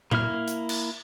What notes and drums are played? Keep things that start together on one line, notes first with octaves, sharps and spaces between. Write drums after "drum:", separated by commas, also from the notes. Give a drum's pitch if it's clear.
A#3 E4 F6, drum: tom A#2
drum: hi-hat
drum: cymbal